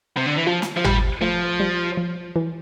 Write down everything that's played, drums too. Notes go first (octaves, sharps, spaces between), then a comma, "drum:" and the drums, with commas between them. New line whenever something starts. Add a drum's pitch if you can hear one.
C3
D3
E3
F3 F4
drum: snare
F3
G3 G4, drum: tom G#1
F3 A3
G3
F3
E3